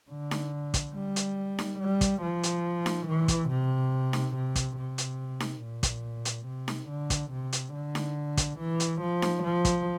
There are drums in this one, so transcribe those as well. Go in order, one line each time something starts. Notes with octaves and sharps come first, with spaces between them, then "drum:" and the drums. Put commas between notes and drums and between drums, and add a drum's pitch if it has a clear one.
D3
drum: snare D#4
drum: kick, hi-hat
G3
drum: hi-hat
drum: snare D#4
G3
drum: kick, hi-hat
F3
drum: hi-hat
drum: snare D#4
E3
drum: kick, hi-hat
C3
drum: snare D#4
C3
drum: kick, hi-hat
C3
drum: hi-hat
drum: snare D#4
A#2
drum: kick, hi-hat
drum: hi-hat
C3
drum: snare D#4
D3
drum: kick, hi-hat
C3
drum: hi-hat
D3
drum: snare D#4
drum: kick, hi-hat
E3
drum: hi-hat
F3
drum: snare D#4
F3
drum: kick, hi-hat